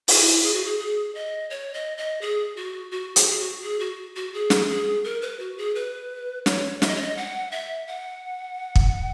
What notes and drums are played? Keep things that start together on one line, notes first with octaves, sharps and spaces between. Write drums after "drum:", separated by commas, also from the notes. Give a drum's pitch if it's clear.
E4, drum: open hi-hat
G#4
F#4
G#4
G#4
D#5
C#5
D#5
D#5
G#4
F#4
F#4
G#4, drum: hi-hat
F#4
G#4
F#4
G#4
F#4
F#4
G#4
drum: snare
G#4
A#4
B4
F#4
G#4
B4
C#5, drum: snare
E5, drum: snare
D#5
C#5
D#5
F#5
E5
F#5
drum: kick